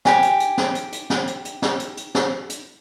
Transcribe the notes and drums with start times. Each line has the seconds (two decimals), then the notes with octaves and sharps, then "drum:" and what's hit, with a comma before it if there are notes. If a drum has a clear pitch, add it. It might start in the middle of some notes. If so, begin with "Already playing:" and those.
0.05 G4 G#5, drum: snare
0.23 drum: hi-hat
0.40 drum: hi-hat
0.57 drum: snare
0.75 drum: hi-hat
0.92 drum: hi-hat
1.10 drum: snare
1.27 drum: hi-hat
1.45 drum: hi-hat
1.62 drum: snare
1.80 drum: hi-hat
1.97 drum: hi-hat
2.15 drum: snare
2.49 drum: hi-hat